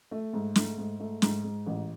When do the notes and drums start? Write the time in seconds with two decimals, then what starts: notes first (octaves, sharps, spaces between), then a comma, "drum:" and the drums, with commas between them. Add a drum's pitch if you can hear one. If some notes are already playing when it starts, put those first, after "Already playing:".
0.11 A3
0.33 G#2
0.56 A3, drum: snare
0.78 G#2
1.00 A3
1.22 G#2, drum: snare
1.44 G#2
1.66 A1